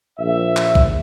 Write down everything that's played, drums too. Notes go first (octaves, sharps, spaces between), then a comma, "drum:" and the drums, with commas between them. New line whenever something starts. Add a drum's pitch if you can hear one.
A#1 E5
drum: clap
drum: kick A#1